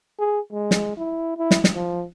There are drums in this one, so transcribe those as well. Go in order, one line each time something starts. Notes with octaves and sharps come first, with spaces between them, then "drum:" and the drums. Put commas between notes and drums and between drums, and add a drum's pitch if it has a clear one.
G#4
G#3
drum: snare
E4
E4
drum: snare
drum: snare
F3